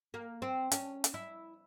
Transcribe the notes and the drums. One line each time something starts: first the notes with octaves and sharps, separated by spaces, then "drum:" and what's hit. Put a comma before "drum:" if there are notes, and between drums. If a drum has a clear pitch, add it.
A#3
C4
C#4, drum: hi-hat
drum: hi-hat
E4